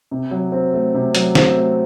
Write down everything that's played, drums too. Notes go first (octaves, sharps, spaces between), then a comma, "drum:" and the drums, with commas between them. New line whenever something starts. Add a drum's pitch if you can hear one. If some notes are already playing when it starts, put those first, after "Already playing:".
C3
F#3
C4
A3
C3
F#3, drum: hi-hat
C4, drum: snare
A3